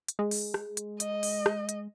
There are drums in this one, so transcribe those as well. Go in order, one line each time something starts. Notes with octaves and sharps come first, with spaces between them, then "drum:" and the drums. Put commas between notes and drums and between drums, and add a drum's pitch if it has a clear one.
drum: hi-hat
G#3
drum: open hi-hat
drum: rim click
drum: hi-hat
D#5, drum: hi-hat
drum: open hi-hat
drum: rim click
drum: hi-hat